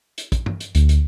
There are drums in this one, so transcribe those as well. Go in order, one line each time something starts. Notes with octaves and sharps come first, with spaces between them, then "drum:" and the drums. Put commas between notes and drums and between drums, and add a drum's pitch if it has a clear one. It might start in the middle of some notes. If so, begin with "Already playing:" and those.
drum: hi-hat
drum: kick, hi-hat
drum: tom G2
drum: hi-hat
D2, drum: hi-hat
drum: hi-hat